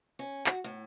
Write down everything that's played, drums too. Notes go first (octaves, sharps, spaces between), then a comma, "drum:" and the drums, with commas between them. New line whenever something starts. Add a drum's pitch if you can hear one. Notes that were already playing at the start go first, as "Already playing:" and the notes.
C#4
F#4, drum: clap
A2